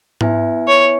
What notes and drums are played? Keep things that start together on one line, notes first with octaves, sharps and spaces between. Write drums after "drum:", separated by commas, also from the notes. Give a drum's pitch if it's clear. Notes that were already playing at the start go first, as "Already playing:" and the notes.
B3 E4 B4 E5 G#5, drum: tom G#2
C#5